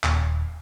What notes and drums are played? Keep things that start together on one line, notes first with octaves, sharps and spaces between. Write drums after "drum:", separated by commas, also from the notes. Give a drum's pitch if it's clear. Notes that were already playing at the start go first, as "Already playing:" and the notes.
D#1, drum: clap